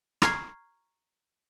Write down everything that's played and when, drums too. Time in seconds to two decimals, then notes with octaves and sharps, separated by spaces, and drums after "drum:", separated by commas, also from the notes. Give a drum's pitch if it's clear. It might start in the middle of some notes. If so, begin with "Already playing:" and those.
0.22 A#5 C#6 F6 G#6 C7, drum: rim click